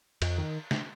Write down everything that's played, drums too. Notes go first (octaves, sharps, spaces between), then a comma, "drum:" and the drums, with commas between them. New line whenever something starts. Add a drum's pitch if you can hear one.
F2, drum: cymbal
D#3
drum: snare